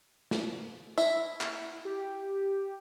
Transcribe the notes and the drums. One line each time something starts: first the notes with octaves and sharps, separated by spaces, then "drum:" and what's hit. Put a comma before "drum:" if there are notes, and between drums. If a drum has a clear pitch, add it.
drum: snare
E4 E5, drum: tambourine
drum: clap
G4